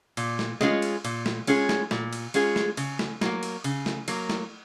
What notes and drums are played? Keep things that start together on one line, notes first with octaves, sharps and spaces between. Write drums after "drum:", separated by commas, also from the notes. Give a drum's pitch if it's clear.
A#2, drum: cymbal
drum: snare
G#3 C#4 F4 G#4, drum: snare
drum: cymbal
A#2, drum: cymbal
drum: snare
G#3 C#4 F4 G#4, drum: cymbal
drum: snare
A#2, drum: snare
drum: cymbal
G#3 C#4 F4 G#4, drum: cymbal
drum: snare
C#3, drum: cymbal
drum: snare
F#3 A#3, drum: snare
drum: cymbal
C#3, drum: cymbal
drum: snare
F#3 A#3, drum: cymbal
drum: snare